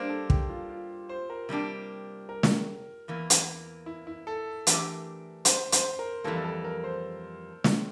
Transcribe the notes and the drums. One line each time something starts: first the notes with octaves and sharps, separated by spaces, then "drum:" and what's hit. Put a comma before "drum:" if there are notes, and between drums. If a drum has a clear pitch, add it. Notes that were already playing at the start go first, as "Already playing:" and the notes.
Already playing: G3 A#3 D4 C5
A4
G4, drum: kick
F4
F4
C5
A#4
C3 G3 A#3 D4 G4
A#4
drum: snare
E2 E3 A#3
drum: hi-hat
E4
E4
A4
E3 A3 D4 G4 A#4, drum: hi-hat
C5, drum: hi-hat
C5, drum: hi-hat
A#4
F2 E3 G3 A#3 A4
A4
A#4
C5
drum: snare